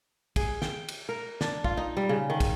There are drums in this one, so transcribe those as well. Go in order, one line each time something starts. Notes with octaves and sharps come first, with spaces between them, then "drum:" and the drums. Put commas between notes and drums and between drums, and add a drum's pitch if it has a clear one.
G#4, drum: kick, cymbal
G5, drum: snare
drum: cymbal
A#4
D4, drum: snare
F4, drum: kick
D#4
G3
C#3
D#3
drum: kick, cymbal